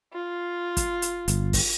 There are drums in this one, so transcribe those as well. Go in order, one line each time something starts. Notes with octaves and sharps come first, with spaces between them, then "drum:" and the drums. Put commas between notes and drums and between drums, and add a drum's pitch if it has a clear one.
F4
drum: kick, hi-hat
drum: hi-hat
G1, drum: hi-hat
drum: kick, open hi-hat